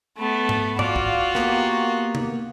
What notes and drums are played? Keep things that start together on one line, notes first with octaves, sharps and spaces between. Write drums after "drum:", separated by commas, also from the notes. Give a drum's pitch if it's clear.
A3 B3
drum: tom G#2
F4 F#4 D5 F5, drum: tom G#2
drum: kick
A#3 B3 G4, drum: snare
drum: tom C3